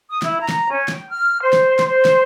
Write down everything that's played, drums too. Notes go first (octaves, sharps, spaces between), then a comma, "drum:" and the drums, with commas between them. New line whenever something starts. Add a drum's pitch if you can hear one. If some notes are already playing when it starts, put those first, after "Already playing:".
D#6
E4, drum: snare
A#5
drum: snare
C#4
G5, drum: snare
F6
C5
drum: snare
drum: snare
C5
drum: snare